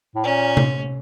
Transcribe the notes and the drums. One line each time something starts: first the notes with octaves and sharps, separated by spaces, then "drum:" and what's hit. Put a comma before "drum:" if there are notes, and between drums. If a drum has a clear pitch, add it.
A2
A#2 C#4
drum: tom C3